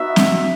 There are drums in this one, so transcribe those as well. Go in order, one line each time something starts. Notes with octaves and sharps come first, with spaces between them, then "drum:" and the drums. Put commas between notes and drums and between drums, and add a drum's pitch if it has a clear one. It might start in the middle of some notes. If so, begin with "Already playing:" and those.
Already playing: B3 D#4 F#4 E5
drum: snare C4